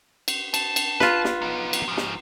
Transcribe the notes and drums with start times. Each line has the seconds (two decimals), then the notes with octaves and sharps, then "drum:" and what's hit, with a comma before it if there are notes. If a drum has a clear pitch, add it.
0.28 drum: cymbal
0.54 A5, drum: cymbal
0.76 drum: cymbal
1.00 F4 B4, drum: snare
1.25 drum: snare
1.42 B3 D#4
1.73 drum: cymbal
1.88 G#2 F3
1.97 drum: snare